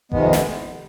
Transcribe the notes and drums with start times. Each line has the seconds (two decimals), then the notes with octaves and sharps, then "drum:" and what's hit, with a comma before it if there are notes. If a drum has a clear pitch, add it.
0.12 F2 C3 D#3 G#3 B3, drum: kick G#1
0.33 drum: snare